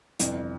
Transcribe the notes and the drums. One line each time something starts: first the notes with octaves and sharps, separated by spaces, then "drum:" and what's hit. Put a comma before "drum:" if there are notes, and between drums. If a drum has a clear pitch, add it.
G1 F2 C3 E3, drum: hi-hat